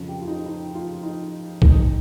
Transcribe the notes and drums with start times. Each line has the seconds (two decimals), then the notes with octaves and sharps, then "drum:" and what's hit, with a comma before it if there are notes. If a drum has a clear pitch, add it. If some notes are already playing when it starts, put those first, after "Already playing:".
Already playing: F2 C#3 F3
0.08 G4
0.21 F4
0.27 D#4
0.46 D#4
0.74 F4
1.03 D#4
1.62 D#4, drum: kick